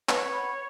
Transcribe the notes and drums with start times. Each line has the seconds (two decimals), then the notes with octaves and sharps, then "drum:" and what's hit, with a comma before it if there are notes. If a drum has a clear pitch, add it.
0.09 B4 C#5, drum: clap
0.33 F#5 B5